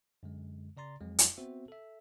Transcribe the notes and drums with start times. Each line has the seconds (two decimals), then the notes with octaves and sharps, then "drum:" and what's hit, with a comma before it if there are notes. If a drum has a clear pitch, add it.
0.23 F#2 D3 G#3
0.77 C#3 D5 A#5 C6 A6
1.01 F2 F#3 G#3
1.19 drum: hi-hat
1.37 B3 C4 F#4 C5 E5
1.68 A4 E5